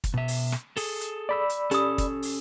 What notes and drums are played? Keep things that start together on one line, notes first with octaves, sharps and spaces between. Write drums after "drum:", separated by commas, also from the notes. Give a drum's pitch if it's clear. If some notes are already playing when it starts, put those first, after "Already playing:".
drum: kick, hi-hat
B2 E5
drum: open hi-hat
drum: rim click
G#4 A4, drum: open hi-hat
drum: hi-hat
D5 B5 E6
drum: hi-hat
C#4 G4 A4 D#6, drum: hi-hat
drum: kick, hi-hat
drum: open hi-hat